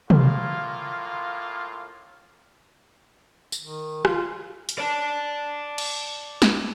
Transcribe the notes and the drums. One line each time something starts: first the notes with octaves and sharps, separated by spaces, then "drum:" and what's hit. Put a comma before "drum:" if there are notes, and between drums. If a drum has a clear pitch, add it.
A2 A#3 F4, drum: tom
drum: tambourine
D#3
F4, drum: rim click
drum: hi-hat
D5 A5
drum: cymbal
drum: snare